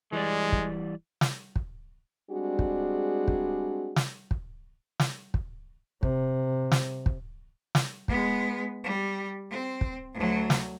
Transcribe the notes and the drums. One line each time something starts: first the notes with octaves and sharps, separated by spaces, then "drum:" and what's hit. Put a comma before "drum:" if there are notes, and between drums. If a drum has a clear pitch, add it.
E3 G3 G#3 D5
drum: kick
drum: snare
drum: kick
G3 G#3 C4 D4 F#4 G#4
drum: kick
drum: kick
drum: snare
drum: kick
drum: snare
drum: kick
C3, drum: kick
drum: snare
drum: kick
drum: snare
G#3 B3, drum: kick
G3
C4
drum: kick
D2 F#3
drum: snare